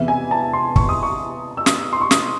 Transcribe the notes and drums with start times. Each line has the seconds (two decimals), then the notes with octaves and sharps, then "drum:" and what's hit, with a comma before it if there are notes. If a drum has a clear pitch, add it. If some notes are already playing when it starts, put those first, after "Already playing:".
Already playing: E2 C3 E3 E5
0.08 G#5
0.31 A5
0.53 C6
0.76 C#6, drum: kick
0.89 D#6
1.03 C#6
1.57 E6
1.66 D#6, drum: snare
1.93 C6
2.01 C#6
2.11 D#6, drum: snare